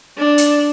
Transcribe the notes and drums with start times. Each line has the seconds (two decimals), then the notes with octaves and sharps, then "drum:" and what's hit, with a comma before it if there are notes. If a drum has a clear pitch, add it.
0.18 D4
0.38 drum: hi-hat